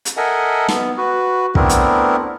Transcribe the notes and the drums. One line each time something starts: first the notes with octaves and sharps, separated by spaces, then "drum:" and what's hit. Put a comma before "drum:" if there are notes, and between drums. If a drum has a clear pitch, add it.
drum: hi-hat
A4 A#4 D#5 E5 F#5 G#5
B3, drum: snare
F#4 B4
A3 B3 C4 D4 E4 A#4, drum: kick
drum: hi-hat